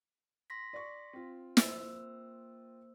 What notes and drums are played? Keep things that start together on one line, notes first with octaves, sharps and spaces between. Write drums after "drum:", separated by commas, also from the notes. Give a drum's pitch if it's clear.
C6 A#6 B6
D5 C#6
C4 F4
A#3 C5 E6, drum: snare